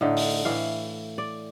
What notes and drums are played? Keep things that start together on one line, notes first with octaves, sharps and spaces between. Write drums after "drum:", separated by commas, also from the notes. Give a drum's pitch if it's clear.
A2 D3 D#4
drum: open hi-hat
A2 E3 F5
D5